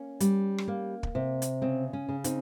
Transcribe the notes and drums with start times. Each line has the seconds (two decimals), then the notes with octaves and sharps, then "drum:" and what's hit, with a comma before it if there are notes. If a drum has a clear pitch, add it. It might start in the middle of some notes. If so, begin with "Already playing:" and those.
Already playing: A#3 C#4
0.20 G3, drum: hi-hat
0.58 drum: rim click
0.68 A#3
1.03 drum: kick
1.15 C3
1.42 drum: hi-hat
1.62 C#3 C4
1.93 C#4
2.09 C#3
2.24 C4 D#4, drum: hi-hat